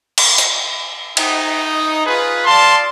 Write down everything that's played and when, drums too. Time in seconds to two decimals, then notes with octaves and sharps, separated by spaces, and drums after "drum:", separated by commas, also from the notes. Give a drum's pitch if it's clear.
0.18 drum: cymbal
0.38 drum: hi-hat
1.17 D#4, drum: cymbal
2.05 F4 G#4 B4
2.46 D5 F5 A5 C6